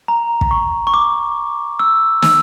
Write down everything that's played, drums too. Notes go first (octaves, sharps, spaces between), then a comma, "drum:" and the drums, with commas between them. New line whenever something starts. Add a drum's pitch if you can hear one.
A#5
drum: kick
C#6
C#6
D6
E6
E6, drum: snare